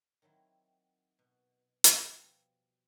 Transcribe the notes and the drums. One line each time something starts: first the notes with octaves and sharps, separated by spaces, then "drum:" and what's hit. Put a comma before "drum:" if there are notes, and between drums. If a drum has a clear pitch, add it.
D#3 F#3 C4 E4
B2
drum: hi-hat
B2 F3 G3